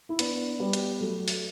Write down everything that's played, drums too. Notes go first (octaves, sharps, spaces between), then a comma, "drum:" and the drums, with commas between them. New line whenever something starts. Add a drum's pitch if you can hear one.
E4
B3 D4, drum: hi-hat
G3 B3
drum: hi-hat
F#3 A3
drum: open hi-hat